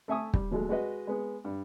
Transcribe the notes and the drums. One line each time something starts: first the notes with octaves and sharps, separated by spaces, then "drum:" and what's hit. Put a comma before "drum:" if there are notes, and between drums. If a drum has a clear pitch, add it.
A3 A4 E5 G#5 C#6 D#6
G3, drum: kick
D#2 F#3 G#3 A3
G#3 F#4 B4 D#5
G#3 B3 G#4
G2